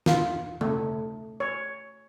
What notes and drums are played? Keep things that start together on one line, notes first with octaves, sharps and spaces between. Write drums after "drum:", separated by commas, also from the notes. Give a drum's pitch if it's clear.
F4, drum: snare
A3, drum: tom C#3
C#5